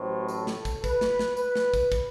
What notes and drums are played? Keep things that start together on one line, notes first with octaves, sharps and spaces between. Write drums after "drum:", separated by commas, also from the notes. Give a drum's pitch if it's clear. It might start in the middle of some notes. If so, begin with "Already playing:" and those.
Already playing: A1 A2 F#3 C5
A4, drum: tambourine
drum: snare
drum: kick, tambourine
B4, drum: kick, tambourine
drum: snare
drum: snare
B4, drum: tambourine
drum: snare
drum: kick, tambourine
drum: kick, tambourine